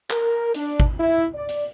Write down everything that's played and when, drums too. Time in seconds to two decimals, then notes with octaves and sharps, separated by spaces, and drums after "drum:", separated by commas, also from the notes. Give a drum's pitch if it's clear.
0.10 A#4, drum: clap
0.55 D4, drum: hi-hat
0.80 drum: kick
0.99 E4
1.34 D5
1.49 drum: hi-hat